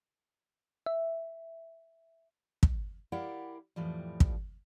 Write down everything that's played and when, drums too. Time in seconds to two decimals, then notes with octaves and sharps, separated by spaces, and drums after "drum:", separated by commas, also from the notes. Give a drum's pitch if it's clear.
0.86 E5
2.63 drum: kick
3.12 E4 G4 A#4 D5 F5 F#5
3.76 F2 A2 E3 F3 G3
4.20 drum: kick